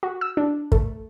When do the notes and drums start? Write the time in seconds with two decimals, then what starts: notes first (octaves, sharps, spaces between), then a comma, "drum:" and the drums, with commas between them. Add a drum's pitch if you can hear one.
0.03 F#4
0.21 E6
0.37 D4
0.72 A3, drum: kick